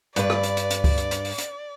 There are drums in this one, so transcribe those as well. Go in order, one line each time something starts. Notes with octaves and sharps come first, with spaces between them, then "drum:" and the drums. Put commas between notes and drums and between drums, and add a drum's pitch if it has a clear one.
G2 B4 D5, drum: hi-hat
drum: rim click
drum: hi-hat
drum: hi-hat
drum: hi-hat
drum: kick C#2, open hi-hat
drum: hi-hat
drum: hi-hat
drum: open hi-hat
drum: hi-hat